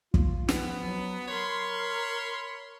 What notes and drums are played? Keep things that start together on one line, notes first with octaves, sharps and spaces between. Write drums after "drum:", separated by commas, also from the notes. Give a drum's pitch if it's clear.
F4, drum: kick
F3 B3, drum: snare
F#3
A#4 C#5 B5 C6